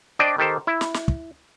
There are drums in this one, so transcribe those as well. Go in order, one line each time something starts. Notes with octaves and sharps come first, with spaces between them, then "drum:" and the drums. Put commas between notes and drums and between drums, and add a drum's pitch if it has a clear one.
D4 C5 D5 D#5 G5
D#3 G4 A4 C5
E4
drum: snare
drum: snare
drum: kick